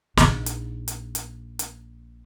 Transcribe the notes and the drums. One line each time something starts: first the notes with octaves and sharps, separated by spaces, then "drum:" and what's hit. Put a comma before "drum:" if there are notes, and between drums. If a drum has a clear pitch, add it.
A#1 D#4, drum: snare
drum: hi-hat
drum: hi-hat
drum: hi-hat
drum: hi-hat